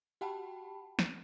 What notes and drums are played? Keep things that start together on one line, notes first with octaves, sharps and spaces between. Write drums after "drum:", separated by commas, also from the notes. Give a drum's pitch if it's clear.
F#4 G4 F#5 G5 A5 B5
drum: snare